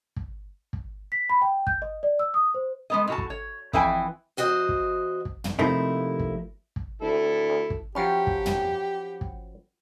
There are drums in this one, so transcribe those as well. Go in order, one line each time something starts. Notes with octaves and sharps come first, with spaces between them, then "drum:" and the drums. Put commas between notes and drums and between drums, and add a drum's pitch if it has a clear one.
drum: kick
drum: kick
B6
B5
G5
G6, drum: kick
D#5
D5
E6
D#6
C5
G#3 B3 D#5
A2 F#4 A5
drum: kick
C#5
F2 E3 E4 B4 G5 G#5, drum: kick
E2 F#4 C5 D#5
drum: kick
drum: kick
drum: tom
C3 F3 A3 A#3 D#4 E4
drum: kick
drum: kick
D2 E4 A4
drum: kick
F3 F#3 C#4 G4 F#5 G5 B5
drum: kick
drum: tom
drum: kick